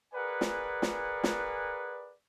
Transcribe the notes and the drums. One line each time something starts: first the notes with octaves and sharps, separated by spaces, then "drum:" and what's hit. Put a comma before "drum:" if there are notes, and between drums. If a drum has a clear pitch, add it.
G#4 A#4 B4 D5 F#5 G#5
drum: snare
drum: snare
drum: snare